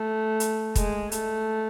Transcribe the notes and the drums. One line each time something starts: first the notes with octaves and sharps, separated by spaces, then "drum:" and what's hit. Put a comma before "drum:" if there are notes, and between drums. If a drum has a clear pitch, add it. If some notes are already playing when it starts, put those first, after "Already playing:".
Already playing: A3
drum: hi-hat
G#3, drum: kick, hi-hat
A3, drum: hi-hat